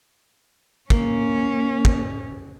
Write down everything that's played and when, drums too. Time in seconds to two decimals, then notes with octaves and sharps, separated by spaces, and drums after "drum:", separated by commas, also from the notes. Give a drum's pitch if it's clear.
0.90 A#3 C#4, drum: kick
1.85 drum: kick